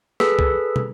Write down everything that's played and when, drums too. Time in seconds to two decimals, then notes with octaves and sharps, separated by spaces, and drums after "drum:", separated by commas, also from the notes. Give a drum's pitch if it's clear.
0.20 G#4 A4 B4 E6 B6, drum: snare
0.39 drum: kick
0.76 drum: tom